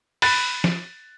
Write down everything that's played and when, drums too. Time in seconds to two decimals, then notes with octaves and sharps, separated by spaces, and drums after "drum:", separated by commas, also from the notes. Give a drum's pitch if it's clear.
0.22 B5 F#6 A6, drum: open hi-hat
0.64 drum: snare F3